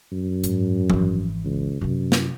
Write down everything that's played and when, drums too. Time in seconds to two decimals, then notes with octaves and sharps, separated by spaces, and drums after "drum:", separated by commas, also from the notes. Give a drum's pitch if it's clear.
0.12 F#2
0.44 G#2, drum: hi-hat
0.90 G#1 E3, drum: tom F3
1.45 C#2
1.81 F#2 C3 C#4
2.12 drum: snare